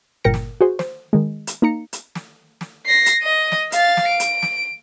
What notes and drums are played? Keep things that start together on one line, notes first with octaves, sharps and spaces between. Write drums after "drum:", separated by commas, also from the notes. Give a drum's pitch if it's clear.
G1 A#2 A#4 G5 A#6 C#7
drum: snare
F#4 G#4 C5
C5, drum: snare
D#3 G#3
drum: hi-hat
A#3 D#4 A#5 C#7
drum: hi-hat
drum: snare
drum: snare
A#6 C7
drum: hi-hat
D#5 D#7
drum: snare
F5 A6, drum: hi-hat
drum: snare
D7
drum: hi-hat
drum: snare